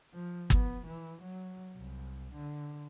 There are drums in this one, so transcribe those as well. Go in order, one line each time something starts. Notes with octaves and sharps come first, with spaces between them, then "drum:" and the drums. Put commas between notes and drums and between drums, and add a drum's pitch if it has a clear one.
F3
B3, drum: kick G1
E3
F#3
C2
D3